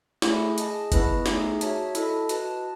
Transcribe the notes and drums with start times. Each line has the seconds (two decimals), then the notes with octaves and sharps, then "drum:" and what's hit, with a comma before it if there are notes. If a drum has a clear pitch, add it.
0.22 A3 E4 G#4, drum: snare
0.58 G#4 D#5 A5, drum: hi-hat
0.92 B3 E4 B4 D#5, drum: kick F#1, hi-hat
1.26 A3 D#4 G#4, drum: snare
1.61 F#4 C#5 E5 A5, drum: hi-hat
1.95 E4 A4 D#5 A5, drum: hi-hat
2.29 F#4 B4 D#5 A5, drum: hi-hat